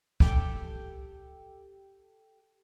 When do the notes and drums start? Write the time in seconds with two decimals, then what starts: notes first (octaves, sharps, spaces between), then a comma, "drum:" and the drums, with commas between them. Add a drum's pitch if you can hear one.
0.20 G4 A4 G5, drum: kick